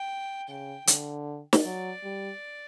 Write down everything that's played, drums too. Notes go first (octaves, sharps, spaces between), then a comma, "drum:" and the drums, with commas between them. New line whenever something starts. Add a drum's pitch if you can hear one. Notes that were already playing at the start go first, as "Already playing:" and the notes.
Already playing: G5
C#3 G5
D3, drum: hi-hat
drum: snare
F#3 D5
G3